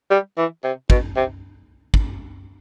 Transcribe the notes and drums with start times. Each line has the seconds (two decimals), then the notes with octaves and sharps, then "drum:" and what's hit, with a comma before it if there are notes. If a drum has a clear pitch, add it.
0.10 G3
0.37 E3
0.64 C3
0.90 B2, drum: kick
1.16 C3
1.94 drum: kick